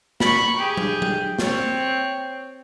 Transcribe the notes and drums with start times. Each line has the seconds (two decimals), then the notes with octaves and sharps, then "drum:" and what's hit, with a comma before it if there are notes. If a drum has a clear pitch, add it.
0.20 B5 C#6, drum: snare
0.57 G4 G#4
0.77 drum: tom F#3
1.02 drum: tom F#3
1.39 C4 C#5, drum: snare